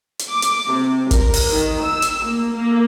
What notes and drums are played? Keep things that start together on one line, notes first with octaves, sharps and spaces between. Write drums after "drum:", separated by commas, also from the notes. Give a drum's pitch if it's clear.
drum: hi-hat
D6
drum: hi-hat
C3
A#4, drum: kick, hi-hat
drum: open hi-hat
D#3
E6
drum: hi-hat
A#3
A#3